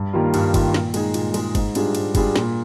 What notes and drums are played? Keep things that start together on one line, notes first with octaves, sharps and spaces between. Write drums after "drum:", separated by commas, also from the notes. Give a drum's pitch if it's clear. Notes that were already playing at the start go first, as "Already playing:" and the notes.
Already playing: G2
D#3 G3 A#3 F4
G2, drum: cymbal
D#3 G3 A#3 F4, drum: kick, cymbal
A#2, drum: snare
G#3 D#4 G#4, drum: cymbal
A#2, drum: cymbal
G#3 D#4 G#4, drum: cymbal
G#2, drum: kick, cymbal
G3 D4 F4 G#4, drum: cymbal
G#2, drum: cymbal
G3 D4 F4 G#4, drum: kick, cymbal
A#2, drum: snare